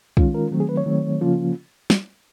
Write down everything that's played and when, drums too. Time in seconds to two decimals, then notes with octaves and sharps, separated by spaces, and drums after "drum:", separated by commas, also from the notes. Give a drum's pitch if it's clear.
0.17 D#3 G#3 C#4 F4, drum: kick
0.34 A#4
0.51 D#3 F#3 A3 C4
0.60 G#4
0.69 B4
0.77 C#5
0.86 D#3 F#3 A3 C4
1.21 C#3 F3 A#3 C#4 F4
1.90 drum: snare